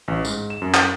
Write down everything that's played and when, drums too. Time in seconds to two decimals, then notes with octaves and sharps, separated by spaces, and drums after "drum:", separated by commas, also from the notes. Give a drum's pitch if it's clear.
0.08 A1
0.25 G#2, drum: tambourine
0.50 E7
0.62 F#2
0.74 drum: clap